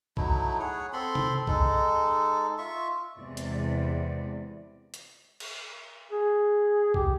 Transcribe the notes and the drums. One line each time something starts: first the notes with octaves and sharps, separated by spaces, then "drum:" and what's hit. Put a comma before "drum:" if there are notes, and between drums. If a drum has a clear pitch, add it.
F#3 A3 D#4 E4, drum: kick
G#4 C#5 F#5
C4 A4 B5 C6
drum: tom C3
G#3 D#4 A4, drum: kick
F4 E5 C#6
E2 C3 E3 G#3 D5
drum: hi-hat
drum: hi-hat
drum: cymbal
G#4
G4, drum: kick